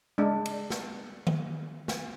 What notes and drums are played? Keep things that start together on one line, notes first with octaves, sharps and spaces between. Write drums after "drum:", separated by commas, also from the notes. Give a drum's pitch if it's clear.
G#3 D4
drum: cymbal
drum: snare
drum: tom D#3
drum: snare